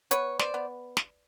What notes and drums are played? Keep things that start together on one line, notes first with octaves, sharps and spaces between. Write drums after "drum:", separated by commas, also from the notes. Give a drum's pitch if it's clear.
B3 B4 C#5, drum: hi-hat
C5 D5, drum: snare
B3
drum: snare